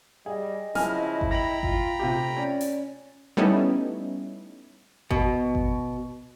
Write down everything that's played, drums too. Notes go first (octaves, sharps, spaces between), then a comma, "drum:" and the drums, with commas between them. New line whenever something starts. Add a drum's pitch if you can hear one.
G3 G#4 D#5
C#3 F3 E4 G#5 F6, drum: snare
drum: kick G#1
G5 A#5 B5 A#6 F#7
F4, drum: kick G#1
C3 A3 F4 G4
C#4 D5
drum: open hi-hat
G3 A3 B3 C#4 D#4 E4
B2, drum: kick G#1
drum: kick G#1